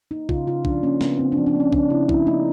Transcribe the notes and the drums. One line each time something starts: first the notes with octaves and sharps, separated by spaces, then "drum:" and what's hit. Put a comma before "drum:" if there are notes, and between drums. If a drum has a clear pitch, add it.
A#3 D#4
C#3 F4, drum: kick B1
C#3 F4
F3 D4, drum: kick B1
A#3 C#4
C#3 B3, drum: snare
C#3 C4
D4
F3
D4
A#3 C#4
C#3 D4, drum: kick B1
C#3 E4
F3 E4, drum: kick B1
A#3 D#4